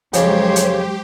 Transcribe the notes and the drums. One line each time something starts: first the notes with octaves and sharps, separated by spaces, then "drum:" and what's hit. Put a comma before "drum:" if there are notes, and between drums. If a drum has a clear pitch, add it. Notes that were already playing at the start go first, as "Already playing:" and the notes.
F2 C#3 F#3 G#3 G4 C5 C#5, drum: hi-hat
drum: hi-hat